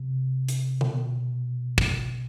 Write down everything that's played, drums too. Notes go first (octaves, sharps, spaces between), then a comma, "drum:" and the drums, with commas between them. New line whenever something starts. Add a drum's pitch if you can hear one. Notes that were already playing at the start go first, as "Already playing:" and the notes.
Already playing: C3
drum: hi-hat
B2, drum: tom D3
drum: kick